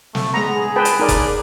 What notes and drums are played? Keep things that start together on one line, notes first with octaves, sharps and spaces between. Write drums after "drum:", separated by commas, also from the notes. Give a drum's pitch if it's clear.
A3, drum: snare
G#3 B3 A#5
G#4
B4 G5 A5
drum: hi-hat
D#4 A#4 D5
drum: kick F#1, hi-hat